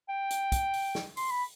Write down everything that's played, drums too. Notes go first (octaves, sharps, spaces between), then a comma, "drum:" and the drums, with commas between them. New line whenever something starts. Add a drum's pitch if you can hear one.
G5
drum: hi-hat
drum: kick, hi-hat
drum: open hi-hat
drum: snare
C6, drum: open hi-hat
B5